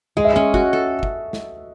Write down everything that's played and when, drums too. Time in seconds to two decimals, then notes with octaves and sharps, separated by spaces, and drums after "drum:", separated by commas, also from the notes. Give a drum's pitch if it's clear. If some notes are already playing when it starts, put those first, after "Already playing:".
0.17 G#3 D#5
0.25 E5
0.34 C#4 D#5
0.54 F#4, drum: kick
0.73 A4
1.03 drum: kick
1.33 drum: snare